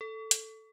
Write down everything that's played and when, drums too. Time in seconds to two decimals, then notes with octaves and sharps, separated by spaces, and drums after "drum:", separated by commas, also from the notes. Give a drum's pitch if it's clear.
0.01 A4
0.31 drum: hi-hat